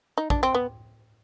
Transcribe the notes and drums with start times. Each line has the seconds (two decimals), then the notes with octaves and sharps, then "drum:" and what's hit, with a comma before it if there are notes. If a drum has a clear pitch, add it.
0.18 D#4
0.30 D4, drum: kick
0.43 C4
0.54 B3